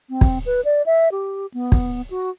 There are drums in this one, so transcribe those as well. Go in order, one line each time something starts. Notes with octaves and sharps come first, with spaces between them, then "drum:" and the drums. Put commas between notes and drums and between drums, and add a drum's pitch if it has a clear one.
C4
drum: kick
B4
D5
E5
G4
B3
drum: kick
F#4